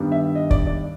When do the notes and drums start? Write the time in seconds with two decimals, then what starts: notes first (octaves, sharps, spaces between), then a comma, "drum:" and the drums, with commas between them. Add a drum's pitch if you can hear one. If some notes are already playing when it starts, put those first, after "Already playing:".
Already playing: G2 D#3 G3 B3 D4
0.12 E5
0.35 D#5
0.51 D5, drum: kick
0.67 D5